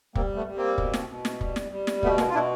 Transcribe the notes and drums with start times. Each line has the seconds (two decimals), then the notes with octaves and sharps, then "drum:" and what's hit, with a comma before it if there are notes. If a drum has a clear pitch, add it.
0.15 G3 A#3 C4, drum: kick
0.36 A3 B3
0.47 G3
0.57 A#3 C4
0.78 B2, drum: kick
0.94 drum: snare
1.09 B2
1.25 drum: snare
1.41 G3, drum: kick
1.56 drum: snare
1.72 G3
1.87 drum: snare
2.03 B2 A3 B3, drum: kick
2.18 G#3 A#3, drum: snare
2.30 F4
2.34 B2 D4 E4